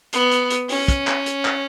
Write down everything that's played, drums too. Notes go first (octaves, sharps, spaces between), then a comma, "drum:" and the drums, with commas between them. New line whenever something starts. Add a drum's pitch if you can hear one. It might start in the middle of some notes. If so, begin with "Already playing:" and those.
B3, drum: hi-hat
drum: hi-hat
drum: hi-hat
C#4, drum: open hi-hat
drum: kick, hi-hat
drum: clap
drum: hi-hat
drum: clap